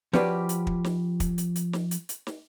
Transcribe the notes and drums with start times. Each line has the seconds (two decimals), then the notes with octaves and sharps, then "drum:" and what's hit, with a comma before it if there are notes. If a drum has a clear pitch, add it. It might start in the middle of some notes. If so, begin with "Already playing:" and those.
0.13 F3 C#4 F#4 G4 B4 D5, drum: snare
0.49 drum: hi-hat
0.67 drum: kick
0.84 drum: snare
1.20 drum: kick, hi-hat
1.38 drum: hi-hat
1.56 drum: hi-hat
1.73 drum: snare
1.91 drum: hi-hat
2.09 drum: hi-hat
2.27 drum: snare